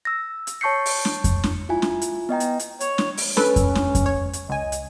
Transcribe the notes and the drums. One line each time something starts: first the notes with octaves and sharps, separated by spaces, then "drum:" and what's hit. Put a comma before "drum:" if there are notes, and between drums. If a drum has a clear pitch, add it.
E6 A#6
drum: hi-hat
C#5 A5 C#6 G6 C7 C#7
drum: open hi-hat
drum: snare
drum: kick F2, hi-hat
drum: snare
E4 F4 G#5
drum: snare
drum: hi-hat
B3 D#5 G5 A#5
drum: hi-hat
drum: hi-hat
C#5, drum: hi-hat
drum: snare
drum: open hi-hat
C#4 A4 B4, drum: snare
drum: kick F2, hi-hat
drum: snare
drum: kick F2, hi-hat
C#5
drum: hi-hat
C#2 D#5 G#5
drum: hi-hat